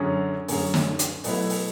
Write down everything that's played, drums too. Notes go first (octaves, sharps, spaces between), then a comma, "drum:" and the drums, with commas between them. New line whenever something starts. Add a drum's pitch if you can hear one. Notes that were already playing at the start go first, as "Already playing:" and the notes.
Already playing: F#2 D3 F#3 C#4 G#4
F#2 D3 F#3 C#4 G#4, drum: open hi-hat
drum: snare
drum: hi-hat
B2 F#3 A3 E4 B4, drum: open hi-hat
drum: open hi-hat